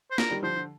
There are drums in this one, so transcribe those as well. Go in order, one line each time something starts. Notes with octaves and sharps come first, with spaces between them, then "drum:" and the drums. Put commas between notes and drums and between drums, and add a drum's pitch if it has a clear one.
C5
D4 F4 A#4, drum: snare
D#3 G3
D3 F3 C5
D3